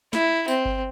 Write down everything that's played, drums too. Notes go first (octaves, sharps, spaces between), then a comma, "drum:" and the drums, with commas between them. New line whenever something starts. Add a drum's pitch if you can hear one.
E4, drum: snare
C4, drum: tambourine
drum: kick G1